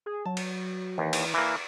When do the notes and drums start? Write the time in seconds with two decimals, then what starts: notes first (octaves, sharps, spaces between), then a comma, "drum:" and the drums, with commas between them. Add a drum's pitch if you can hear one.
0.06 G#4
0.26 F#3 A5
0.37 drum: cymbal
0.98 D#2 E3
1.13 drum: cymbal
1.34 E3 A#3 D6